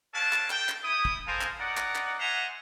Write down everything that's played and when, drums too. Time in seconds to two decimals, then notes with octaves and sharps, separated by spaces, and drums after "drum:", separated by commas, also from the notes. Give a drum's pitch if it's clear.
0.13 C#4 D4 A4 F5 A5
0.33 drum: clap
0.50 A4 G5, drum: clap
0.69 drum: clap
0.84 E4 D#6
1.05 drum: kick
1.27 A4 A#4 C5 F5 G#5
1.41 drum: clap
1.59 D#4 A#4 D5 F#5
1.77 drum: clap
1.95 drum: clap
2.19 C5 E5 F#5 G#5 A#5